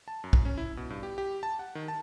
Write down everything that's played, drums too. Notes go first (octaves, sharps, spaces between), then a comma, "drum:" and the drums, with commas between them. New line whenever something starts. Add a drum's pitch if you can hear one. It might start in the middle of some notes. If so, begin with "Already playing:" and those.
A5
F#2
drum: kick
C#4
E4
B2
G2
G4
G4
A5
F#5
D#3
A5